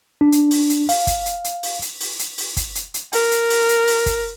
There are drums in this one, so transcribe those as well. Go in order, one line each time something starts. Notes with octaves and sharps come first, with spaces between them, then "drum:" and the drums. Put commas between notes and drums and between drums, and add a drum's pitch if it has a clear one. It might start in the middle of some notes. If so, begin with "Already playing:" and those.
D4
drum: hi-hat
drum: open hi-hat
drum: hi-hat
F5, drum: open hi-hat
drum: kick, hi-hat
drum: hi-hat
drum: hi-hat
drum: open hi-hat
drum: hi-hat
drum: open hi-hat
drum: hi-hat
drum: open hi-hat
drum: kick, hi-hat
drum: hi-hat
drum: hi-hat
A#4, drum: open hi-hat
drum: hi-hat
drum: open hi-hat
drum: hi-hat
drum: open hi-hat
drum: kick, hi-hat